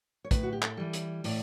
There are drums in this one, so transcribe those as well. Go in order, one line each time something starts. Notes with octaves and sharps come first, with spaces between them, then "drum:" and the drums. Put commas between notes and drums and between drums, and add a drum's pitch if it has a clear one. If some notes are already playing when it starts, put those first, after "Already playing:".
C#5
A2 B4, drum: kick, hi-hat
F#4
G4
A4, drum: clap
E3 G3
drum: hi-hat
A2 D5, drum: open hi-hat